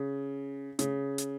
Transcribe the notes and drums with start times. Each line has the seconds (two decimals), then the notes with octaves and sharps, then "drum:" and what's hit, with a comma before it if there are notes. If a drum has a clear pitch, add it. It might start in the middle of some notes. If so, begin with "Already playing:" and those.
Already playing: C#3
0.79 C#3, drum: hi-hat
1.18 drum: hi-hat